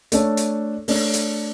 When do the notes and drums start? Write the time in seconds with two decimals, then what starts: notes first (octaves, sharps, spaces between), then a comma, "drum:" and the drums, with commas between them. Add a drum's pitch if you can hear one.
0.12 A3 D4 A4 C#5, drum: hi-hat
0.37 drum: hi-hat
0.88 A3 D4 A4 C#5, drum: open hi-hat
1.14 drum: hi-hat